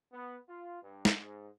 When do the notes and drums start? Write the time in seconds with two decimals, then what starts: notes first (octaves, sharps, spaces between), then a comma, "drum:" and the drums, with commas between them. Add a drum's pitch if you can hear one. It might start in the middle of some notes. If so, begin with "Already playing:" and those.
0.12 B3
0.48 F4
0.82 G2
1.05 drum: snare
1.18 G#2